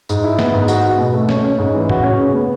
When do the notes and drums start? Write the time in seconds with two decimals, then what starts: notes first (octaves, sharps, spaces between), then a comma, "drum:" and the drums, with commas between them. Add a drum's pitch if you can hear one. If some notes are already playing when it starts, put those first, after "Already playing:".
0.09 G#2, drum: tambourine
0.24 E4
0.39 B3, drum: snare
0.54 G#2
0.68 F#4, drum: tambourine
0.84 F#4
0.98 B2
1.14 A3
1.29 C#4, drum: snare
1.44 C#4
1.58 G#2
1.74 E3
1.90 F#4, drum: tom A2
2.03 C#4
2.19 C#3
2.33 B3